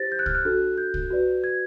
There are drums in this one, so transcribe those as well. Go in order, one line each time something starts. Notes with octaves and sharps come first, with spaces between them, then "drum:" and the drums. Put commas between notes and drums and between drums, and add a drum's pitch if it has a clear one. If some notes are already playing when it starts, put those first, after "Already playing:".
Already playing: E4 G4 C5 A6 A#6
G6
F#6
F6, drum: kick C2
F#6
D4 F#4 A4
G6
drum: kick C2
F#4 B4 D5
G#6